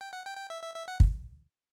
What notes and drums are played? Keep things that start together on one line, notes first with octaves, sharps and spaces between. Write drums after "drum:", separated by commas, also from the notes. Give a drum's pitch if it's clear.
G5
F#5
G5
G5
E5
E5
E5
F#5
drum: kick